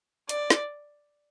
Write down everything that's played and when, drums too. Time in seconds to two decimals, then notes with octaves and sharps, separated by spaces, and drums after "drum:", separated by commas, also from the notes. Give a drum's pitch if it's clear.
0.29 D5, drum: hi-hat
0.50 drum: snare